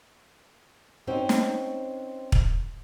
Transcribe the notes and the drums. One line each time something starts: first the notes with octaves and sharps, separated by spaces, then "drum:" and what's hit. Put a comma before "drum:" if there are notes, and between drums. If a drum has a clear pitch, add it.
C4 C#4 D#4 F#4 C5
drum: snare
drum: kick